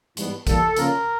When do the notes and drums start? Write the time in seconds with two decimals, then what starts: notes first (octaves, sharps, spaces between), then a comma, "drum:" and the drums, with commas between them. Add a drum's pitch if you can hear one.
0.17 G#2 E3 G3 B3, drum: hi-hat
0.47 E3 G3 A#3 A4, drum: kick, hi-hat
0.77 C#3 F3 A#3 C#4 F4 A#4, drum: hi-hat